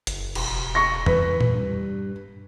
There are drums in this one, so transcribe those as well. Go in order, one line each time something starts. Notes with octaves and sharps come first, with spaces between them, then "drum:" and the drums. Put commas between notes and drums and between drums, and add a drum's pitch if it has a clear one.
F#1, drum: hi-hat
E1, drum: cymbal
C#6 A#6
E3 B4, drum: tom E2
drum: tom A#2
G2